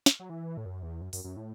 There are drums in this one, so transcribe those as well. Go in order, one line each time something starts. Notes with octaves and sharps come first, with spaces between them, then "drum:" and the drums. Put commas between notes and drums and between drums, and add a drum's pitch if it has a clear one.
drum: snare
F#3
E3
A2
F#2
E2
F#2
F#2, drum: open hi-hat
F#2
A2